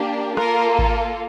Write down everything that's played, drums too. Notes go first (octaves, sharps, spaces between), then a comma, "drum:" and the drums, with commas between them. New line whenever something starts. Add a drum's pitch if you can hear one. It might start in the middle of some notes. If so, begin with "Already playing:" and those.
Already playing: A#3 D4 G4
A#3 F4 A4 A#4, drum: rim click
drum: kick G#1